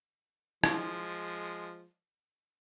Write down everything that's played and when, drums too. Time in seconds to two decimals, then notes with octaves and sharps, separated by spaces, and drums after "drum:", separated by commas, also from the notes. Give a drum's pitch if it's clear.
0.64 F3 G#3, drum: rim click